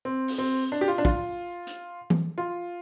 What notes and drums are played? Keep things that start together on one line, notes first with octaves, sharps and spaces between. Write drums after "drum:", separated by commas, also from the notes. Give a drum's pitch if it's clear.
C4
drum: open hi-hat
C4
D4
G4
F4
D4
F4, drum: kick
drum: hi-hat
drum: tom E3
F4